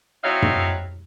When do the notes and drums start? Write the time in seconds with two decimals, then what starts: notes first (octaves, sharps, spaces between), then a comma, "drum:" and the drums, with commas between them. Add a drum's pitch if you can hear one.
0.24 F#3 C4 D#4 E4 C#5 F5
0.42 drum: tom